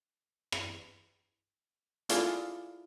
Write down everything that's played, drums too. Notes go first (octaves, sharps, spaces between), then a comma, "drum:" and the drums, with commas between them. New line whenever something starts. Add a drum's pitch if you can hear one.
drum: rim click
E4 F4 G#4 A4 D5 F5, drum: hi-hat